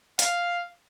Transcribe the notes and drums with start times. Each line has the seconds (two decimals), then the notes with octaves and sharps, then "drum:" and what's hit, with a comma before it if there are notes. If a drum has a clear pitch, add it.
0.19 F5, drum: hi-hat